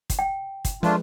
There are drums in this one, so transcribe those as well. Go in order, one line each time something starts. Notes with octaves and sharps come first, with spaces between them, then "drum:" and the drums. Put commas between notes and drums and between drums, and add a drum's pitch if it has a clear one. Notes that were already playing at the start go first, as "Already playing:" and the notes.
drum: kick, hi-hat
G5
drum: kick, hi-hat
F3 G#3 A3 D4 F4 B4, drum: snare